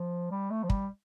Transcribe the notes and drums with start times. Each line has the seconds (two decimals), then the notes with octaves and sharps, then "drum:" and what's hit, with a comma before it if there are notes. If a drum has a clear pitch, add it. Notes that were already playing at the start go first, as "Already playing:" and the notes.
Already playing: F3
0.31 G3
0.50 A3
0.64 F3
0.70 G3, drum: kick